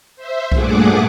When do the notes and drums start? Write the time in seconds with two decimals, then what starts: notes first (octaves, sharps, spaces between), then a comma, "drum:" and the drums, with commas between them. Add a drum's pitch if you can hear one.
0.16 C5 E5
0.52 G2 A#2 A3 G#4 F#5 D6, drum: kick B1